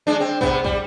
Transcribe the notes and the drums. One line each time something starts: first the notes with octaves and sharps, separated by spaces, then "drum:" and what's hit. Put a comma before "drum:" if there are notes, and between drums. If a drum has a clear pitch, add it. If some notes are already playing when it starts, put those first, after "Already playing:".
G#3 D4
C4
C3 B3, drum: kick
G3, drum: kick